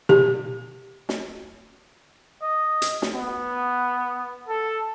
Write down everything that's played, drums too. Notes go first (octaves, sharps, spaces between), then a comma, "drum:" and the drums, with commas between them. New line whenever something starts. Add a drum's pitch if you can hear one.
G4, drum: tom B2
drum: snare
D#5
drum: hi-hat
drum: snare
B3
A4